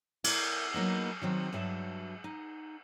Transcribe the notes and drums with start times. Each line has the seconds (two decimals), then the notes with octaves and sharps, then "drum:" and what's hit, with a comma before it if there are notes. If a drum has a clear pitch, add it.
0.24 E4 A#4 D5, drum: cymbal
0.74 F#3 A#3 B3 D#4
1.22 D#3 F#3 C4
1.53 G2 F#3 E5 A5
2.24 D#4